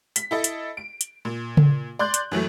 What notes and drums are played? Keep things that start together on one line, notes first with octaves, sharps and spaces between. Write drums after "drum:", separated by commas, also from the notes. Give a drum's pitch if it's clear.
B6, drum: hi-hat
E4 A4 D#5
drum: hi-hat
D7
drum: hi-hat
A#2
drum: tom C#3
D5 C6 F#6 G6
drum: hi-hat
F#2 E3 F#3 A3